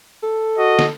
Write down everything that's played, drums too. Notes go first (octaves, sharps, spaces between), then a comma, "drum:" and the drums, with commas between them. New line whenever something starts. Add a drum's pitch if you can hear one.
A4
F#4 D#5
drum: snare